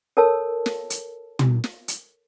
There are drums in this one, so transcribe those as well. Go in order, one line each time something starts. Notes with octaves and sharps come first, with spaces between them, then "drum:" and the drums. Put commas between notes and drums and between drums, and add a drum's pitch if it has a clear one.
A4 A#4 C#5 A5 E6
drum: snare
drum: hi-hat
drum: tom
drum: snare
drum: hi-hat